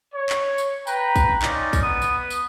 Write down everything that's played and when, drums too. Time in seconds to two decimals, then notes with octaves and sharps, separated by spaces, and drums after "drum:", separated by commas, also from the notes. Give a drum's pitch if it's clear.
0.15 C#5
0.29 drum: clap
0.58 drum: tambourine
0.87 B4 G5 A#5, drum: tambourine
1.16 drum: kick, tambourine
1.42 C#4 D#4 F4 D5, drum: clap
1.73 drum: kick, tambourine
1.83 B3 D#6
2.02 drum: tambourine
2.30 drum: tambourine